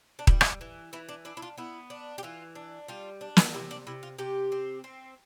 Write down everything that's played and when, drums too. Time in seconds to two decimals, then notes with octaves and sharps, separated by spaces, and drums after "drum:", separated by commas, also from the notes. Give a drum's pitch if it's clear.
0.19 D4
0.27 G3 E4, drum: kick D#1
0.41 drum: rim click
0.61 E3
0.93 E3 E4
1.09 D4
1.25 D4 E4
1.37 E4
1.42 F4
1.57 B3 E4
1.90 D4
2.18 G4
2.23 E3 F4
2.55 D4
2.88 G3 F4
3.21 D4
3.37 drum: snare
3.54 C3 E4
3.71 D4
3.87 C3 E4
4.03 F4
4.18 C3 G4
4.52 C4
4.84 C4